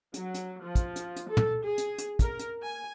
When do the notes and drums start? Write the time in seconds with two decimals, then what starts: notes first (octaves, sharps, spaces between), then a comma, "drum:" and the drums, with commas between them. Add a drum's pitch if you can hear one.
0.14 F#3, drum: hi-hat
0.34 drum: hi-hat
0.60 F3
0.75 drum: kick, hi-hat
0.96 drum: hi-hat
1.16 drum: hi-hat
1.28 A4
1.37 drum: tom
1.63 G#4
1.78 drum: hi-hat
1.98 drum: hi-hat
2.19 A#4, drum: kick, hi-hat
2.39 drum: hi-hat
2.63 G#5